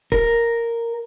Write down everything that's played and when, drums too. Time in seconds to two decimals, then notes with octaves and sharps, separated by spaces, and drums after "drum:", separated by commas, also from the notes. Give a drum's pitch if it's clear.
0.12 A#4, drum: kick C#1